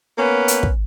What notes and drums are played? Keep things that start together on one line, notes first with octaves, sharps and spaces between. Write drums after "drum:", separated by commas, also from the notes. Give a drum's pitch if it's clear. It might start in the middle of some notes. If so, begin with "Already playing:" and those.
A#3 B3 C#4 B4
drum: hi-hat
drum: kick